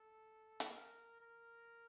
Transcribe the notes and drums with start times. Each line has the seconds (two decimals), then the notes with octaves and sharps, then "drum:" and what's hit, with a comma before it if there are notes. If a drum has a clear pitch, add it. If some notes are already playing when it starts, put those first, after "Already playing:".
Already playing: A4
0.60 drum: hi-hat
0.70 A#4
1.20 A#4